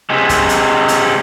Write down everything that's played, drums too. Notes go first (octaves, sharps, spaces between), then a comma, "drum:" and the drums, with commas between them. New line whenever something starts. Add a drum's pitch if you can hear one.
C3 G#3
drum: kick, hi-hat
drum: hi-hat
drum: hi-hat